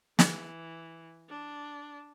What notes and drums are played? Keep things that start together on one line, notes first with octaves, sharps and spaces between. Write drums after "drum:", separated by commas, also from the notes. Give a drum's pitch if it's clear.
E3, drum: snare
D4